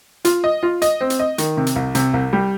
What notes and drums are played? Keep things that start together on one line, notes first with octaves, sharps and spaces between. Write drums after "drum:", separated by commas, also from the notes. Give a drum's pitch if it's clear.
F4, drum: hi-hat
D#5
F4
D#5, drum: hi-hat
C4
drum: hi-hat
D#5
D#3, drum: hi-hat
C3
drum: hi-hat
C2
C3, drum: hi-hat
C2
G3